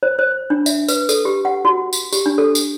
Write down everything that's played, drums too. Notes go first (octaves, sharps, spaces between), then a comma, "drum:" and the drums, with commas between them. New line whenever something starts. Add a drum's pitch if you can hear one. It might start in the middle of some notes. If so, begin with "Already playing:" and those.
C5
C5
D4
E5, drum: tambourine
B4, drum: tambourine
A4, drum: tambourine
G4
F#5
F#4
drum: tambourine
G4, drum: tambourine
D4
A4
drum: tambourine